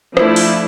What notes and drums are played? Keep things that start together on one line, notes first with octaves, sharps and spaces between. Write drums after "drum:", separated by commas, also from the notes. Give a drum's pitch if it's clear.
F3 A3 D4 E4, drum: rim click
drum: open hi-hat